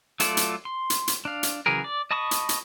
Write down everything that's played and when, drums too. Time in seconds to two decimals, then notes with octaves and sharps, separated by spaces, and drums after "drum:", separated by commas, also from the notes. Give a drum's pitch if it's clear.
0.20 F#3 A3 F4 A4 D5, drum: hi-hat
0.37 drum: hi-hat
0.65 C6
0.90 drum: hi-hat
1.08 drum: hi-hat
1.25 D4 F5
1.43 drum: hi-hat
1.66 C#3 E3 F#3 G#4 A#4
1.84 D5
2.11 D#5 A5 B5 C#6 D#6
2.31 drum: hi-hat
2.49 drum: hi-hat